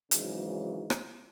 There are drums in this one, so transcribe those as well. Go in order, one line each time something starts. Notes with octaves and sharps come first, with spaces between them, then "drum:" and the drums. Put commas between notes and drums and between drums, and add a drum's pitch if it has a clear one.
G#1 G#2 C#3 E3 F#3, drum: hi-hat
drum: rim click